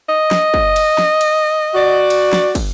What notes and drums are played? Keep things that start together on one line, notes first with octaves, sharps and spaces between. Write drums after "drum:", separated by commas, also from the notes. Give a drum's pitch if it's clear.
D#5
drum: snare
drum: kick
drum: cymbal
drum: snare
drum: cymbal
F#4 D5
drum: cymbal
drum: snare
drum: kick, cymbal